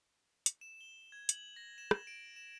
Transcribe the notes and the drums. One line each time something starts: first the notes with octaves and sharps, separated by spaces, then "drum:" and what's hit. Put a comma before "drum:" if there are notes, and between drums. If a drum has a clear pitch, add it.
drum: hi-hat
E7
G7
G#6
F#7, drum: hi-hat
A#6
E7
drum: rim click
D7
E7